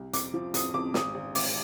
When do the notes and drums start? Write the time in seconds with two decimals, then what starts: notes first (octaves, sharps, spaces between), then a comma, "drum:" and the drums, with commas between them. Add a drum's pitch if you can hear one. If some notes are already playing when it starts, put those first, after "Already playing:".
Already playing: C2
0.13 F2 D6, drum: hi-hat
0.34 F3
0.54 F2 D#6, drum: hi-hat
0.74 F2 D6
0.94 G#1 D#6, drum: snare
1.15 G#1
1.35 G#1 D6, drum: open hi-hat